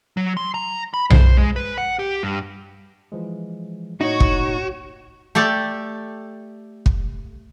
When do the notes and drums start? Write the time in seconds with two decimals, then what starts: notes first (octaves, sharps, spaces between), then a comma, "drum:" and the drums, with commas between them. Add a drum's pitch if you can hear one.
0.17 F#3
0.37 C6
0.54 A#5
0.94 B5
1.10 C5, drum: tom B1
1.37 G#3
1.56 B4
1.78 F#5
1.99 G4
2.23 G2
3.12 E3 F3 G#3
4.01 A2 A#3 D#4 F#4 C#5 C#6
4.20 drum: kick
5.35 A3 G4 A4 D5
6.86 drum: kick